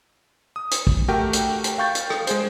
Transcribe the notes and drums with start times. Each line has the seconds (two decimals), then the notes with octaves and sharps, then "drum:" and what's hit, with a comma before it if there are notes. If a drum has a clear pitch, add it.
0.56 D#6
0.71 drum: hi-hat
0.87 drum: kick
1.08 A3 F#4 G4 A#4 G5
1.33 drum: hi-hat
1.64 drum: hi-hat
1.78 F5 G5 C#6 G6 A6
1.95 drum: hi-hat
2.10 drum: rim click
2.27 G#3 G#4 C5, drum: hi-hat